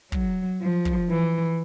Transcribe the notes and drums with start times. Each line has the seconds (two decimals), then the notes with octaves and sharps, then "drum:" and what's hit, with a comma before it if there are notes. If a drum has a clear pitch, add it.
0.12 F#3, drum: kick
0.61 F3
0.85 drum: kick
1.10 E3